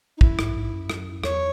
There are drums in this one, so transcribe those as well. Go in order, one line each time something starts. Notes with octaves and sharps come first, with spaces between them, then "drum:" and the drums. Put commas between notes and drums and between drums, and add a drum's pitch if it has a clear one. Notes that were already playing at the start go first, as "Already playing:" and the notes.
D#4
F#2 E4, drum: kick A#1
G#2, drum: rim click
G#2
F#2
drum: rim click
E2 C#5, drum: rim click